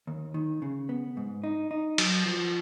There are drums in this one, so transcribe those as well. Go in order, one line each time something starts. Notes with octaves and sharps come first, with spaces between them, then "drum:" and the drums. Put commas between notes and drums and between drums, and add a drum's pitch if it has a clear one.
D#2
D#3
C#3
B3
G#2
D#4
D#4
F#3, drum: cymbal
F3